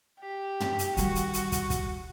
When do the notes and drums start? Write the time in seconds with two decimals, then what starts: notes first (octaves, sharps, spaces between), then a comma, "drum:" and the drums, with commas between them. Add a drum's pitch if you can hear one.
0.21 G4
0.60 drum: tom
0.79 drum: hi-hat
0.97 D#3 G3 F#4, drum: hi-hat
1.15 drum: hi-hat
1.33 drum: hi-hat
1.52 drum: kick, hi-hat
1.70 drum: kick, hi-hat